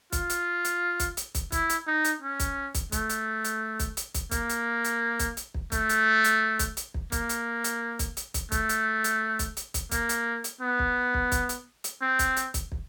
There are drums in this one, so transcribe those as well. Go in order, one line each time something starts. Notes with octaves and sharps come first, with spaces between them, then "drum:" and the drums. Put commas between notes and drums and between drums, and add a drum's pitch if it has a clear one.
F4, drum: kick, hi-hat
drum: hi-hat
drum: hi-hat
drum: kick, hi-hat
drum: hi-hat
drum: kick, hi-hat
E4, drum: kick, hi-hat
drum: hi-hat
D#4
drum: hi-hat
C#4
drum: kick, hi-hat
drum: kick, hi-hat
A3, drum: kick, hi-hat
drum: hi-hat
drum: hi-hat
drum: kick, hi-hat
drum: hi-hat
drum: kick, hi-hat
A#3, drum: kick, hi-hat
drum: hi-hat
drum: hi-hat
drum: kick, hi-hat
drum: hi-hat
drum: kick
A3, drum: kick, hi-hat
drum: hi-hat
drum: hi-hat
drum: kick, hi-hat
drum: hi-hat
drum: kick
A#3, drum: kick, hi-hat
drum: hi-hat
drum: hi-hat
drum: kick, hi-hat
drum: hi-hat
drum: kick, hi-hat
A3, drum: kick, hi-hat
drum: hi-hat
drum: hi-hat
drum: kick, hi-hat
drum: hi-hat
drum: kick, hi-hat
A#3, drum: kick, hi-hat
drum: hi-hat
drum: hi-hat
B3
drum: kick
drum: kick
drum: kick, hi-hat
drum: hi-hat
drum: hi-hat
C4
drum: kick, hi-hat
drum: hi-hat
drum: kick, hi-hat
drum: kick